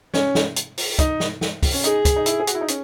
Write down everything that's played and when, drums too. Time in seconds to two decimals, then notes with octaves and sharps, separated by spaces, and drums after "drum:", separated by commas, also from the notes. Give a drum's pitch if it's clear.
0.14 C#4, drum: snare
0.35 drum: snare
0.56 drum: hi-hat
0.78 drum: open hi-hat
0.99 D#4, drum: kick, hi-hat
1.20 drum: snare
1.41 drum: snare
1.63 drum: kick, open hi-hat
1.73 C#4
1.84 D#4 G#4, drum: hi-hat
2.05 drum: kick, hi-hat
2.16 D#4
2.26 E4, drum: hi-hat
2.40 G#4
2.47 F#4, drum: hi-hat
2.55 E4
2.61 D#4
2.68 C#4, drum: hi-hat